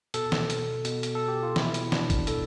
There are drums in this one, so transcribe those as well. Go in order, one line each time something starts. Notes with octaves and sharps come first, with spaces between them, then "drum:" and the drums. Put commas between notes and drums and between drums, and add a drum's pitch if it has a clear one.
B2 A4, drum: hi-hat
drum: snare
drum: hi-hat
B2, drum: hi-hat
drum: hi-hat
A4
G4
F4
B2 E4, drum: snare
drum: hi-hat
D4, drum: snare
drum: kick, hi-hat
B2 A4, drum: hi-hat